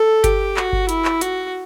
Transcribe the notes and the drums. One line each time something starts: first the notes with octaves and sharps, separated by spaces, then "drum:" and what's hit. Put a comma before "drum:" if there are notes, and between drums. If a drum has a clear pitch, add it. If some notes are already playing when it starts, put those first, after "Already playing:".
Already playing: A4
G4, drum: kick G1, hi-hat
F#4, drum: clap
drum: kick G1
E4, drum: hi-hat
drum: clap
F#4, drum: hi-hat